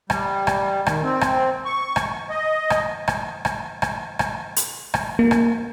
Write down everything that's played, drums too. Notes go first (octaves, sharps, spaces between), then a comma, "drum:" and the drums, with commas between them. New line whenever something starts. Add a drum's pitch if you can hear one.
G3, drum: rim click
drum: rim click
D#3, drum: rim click
C4
drum: rim click
C#6
drum: rim click
D#5
drum: rim click
drum: rim click
drum: rim click
drum: rim click
drum: rim click
drum: hi-hat
drum: rim click
A#3
drum: rim click